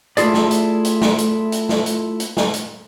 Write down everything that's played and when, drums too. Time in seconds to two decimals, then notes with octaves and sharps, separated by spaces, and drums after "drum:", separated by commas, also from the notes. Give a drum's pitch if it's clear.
0.17 A3 E4 F4 G#4 D5, drum: hi-hat
0.34 drum: snare
0.51 drum: hi-hat
0.85 drum: hi-hat
1.01 drum: snare
1.18 drum: hi-hat
1.52 drum: hi-hat
1.69 drum: snare
1.86 drum: hi-hat
2.20 drum: hi-hat
2.37 drum: snare
2.54 drum: hi-hat